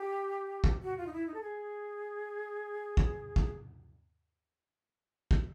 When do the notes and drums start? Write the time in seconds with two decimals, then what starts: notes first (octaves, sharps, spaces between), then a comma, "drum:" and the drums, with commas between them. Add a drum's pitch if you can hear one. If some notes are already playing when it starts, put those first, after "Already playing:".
Already playing: G4
0.64 drum: kick
0.83 F#4
0.98 F4
1.07 D#4
1.12 E4
1.27 D#4
1.34 A4
1.41 G#4
2.97 drum: kick
3.36 drum: kick
5.31 drum: kick